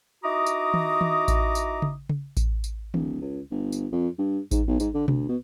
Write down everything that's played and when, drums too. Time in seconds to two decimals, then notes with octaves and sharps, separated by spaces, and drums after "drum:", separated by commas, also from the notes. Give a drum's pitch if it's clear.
0.24 D#4 E4 F#4 A#5 D6 D#6
0.47 drum: tambourine
0.74 drum: tom D#3
1.01 drum: tom D#3
1.28 drum: kick A1, tambourine
1.55 drum: tambourine
1.82 drum: tom C#3
2.09 drum: tom C#3
2.37 drum: kick A1, tambourine
2.64 drum: tambourine
2.94 D1, drum: tom D#3
3.21 C#2
3.51 G1
3.72 drum: tambourine
3.92 F2
4.19 G2
4.51 G#2, drum: kick A1, tambourine
4.67 B1
4.80 G#2, drum: tambourine
4.94 D3
5.08 D2, drum: tom B2
5.29 B2